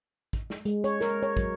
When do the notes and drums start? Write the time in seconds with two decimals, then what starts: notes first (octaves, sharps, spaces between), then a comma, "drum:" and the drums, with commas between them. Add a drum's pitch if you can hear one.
0.33 drum: kick, hi-hat
0.50 drum: snare
0.65 G#3, drum: hi-hat
0.84 C#5, drum: hi-hat
1.01 A#4, drum: snare
1.23 C#5
1.37 F#3, drum: kick, hi-hat